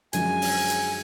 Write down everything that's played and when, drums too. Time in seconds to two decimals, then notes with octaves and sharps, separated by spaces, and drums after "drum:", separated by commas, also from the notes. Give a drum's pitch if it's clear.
0.13 F#2 D3 F3 G#3 G#5, drum: hi-hat
0.42 drum: open hi-hat
0.70 drum: hi-hat